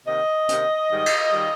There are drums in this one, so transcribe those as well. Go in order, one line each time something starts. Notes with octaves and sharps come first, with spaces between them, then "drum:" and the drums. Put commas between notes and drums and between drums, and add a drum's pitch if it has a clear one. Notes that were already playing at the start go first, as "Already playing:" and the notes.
C3 D#3 A#3 D#5
C3 D#3 A#3, drum: hi-hat
G#2 D#3 G3
drum: cymbal
D#3 G3